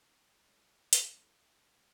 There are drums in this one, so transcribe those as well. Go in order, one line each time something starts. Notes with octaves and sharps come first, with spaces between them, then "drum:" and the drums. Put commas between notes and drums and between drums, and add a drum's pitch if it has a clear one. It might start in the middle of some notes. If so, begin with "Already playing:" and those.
D#3
G#3 C#4 E4 A4
D#3
drum: hi-hat
G#3 C#4 E4 A4
D#3
G#3